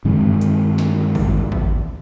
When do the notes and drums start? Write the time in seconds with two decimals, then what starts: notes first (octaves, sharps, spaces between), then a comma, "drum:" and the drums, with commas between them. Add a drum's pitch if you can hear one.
0.05 G2 D#3 G#3 C4
0.41 drum: hi-hat
0.78 drum: snare
1.15 drum: kick G#1, open hi-hat
1.52 drum: kick G#1